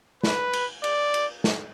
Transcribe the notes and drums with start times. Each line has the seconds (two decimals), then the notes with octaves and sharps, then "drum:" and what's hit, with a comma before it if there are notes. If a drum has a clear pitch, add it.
0.23 B4, drum: snare
0.53 drum: cymbal
0.84 D5, drum: cymbal
1.14 drum: cymbal
1.44 drum: snare